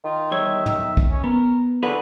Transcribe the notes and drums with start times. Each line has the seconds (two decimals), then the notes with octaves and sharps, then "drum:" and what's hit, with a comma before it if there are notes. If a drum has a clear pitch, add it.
0.04 D#3 F4
0.31 E2 G3 C#5 E5
0.66 B1 E5, drum: tom
0.97 drum: kick
1.10 C#4
1.24 B3 A#4
1.83 D3 F#3 E4 G#4 B4